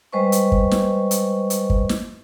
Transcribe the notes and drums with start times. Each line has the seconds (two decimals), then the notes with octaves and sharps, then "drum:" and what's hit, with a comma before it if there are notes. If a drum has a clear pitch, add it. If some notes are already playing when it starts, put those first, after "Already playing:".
0.12 G3 G#3 B4 C5 D#5 C#6
0.32 drum: hi-hat
0.52 drum: kick
0.71 drum: snare
1.11 drum: hi-hat
1.50 drum: hi-hat
1.70 drum: kick
1.89 drum: snare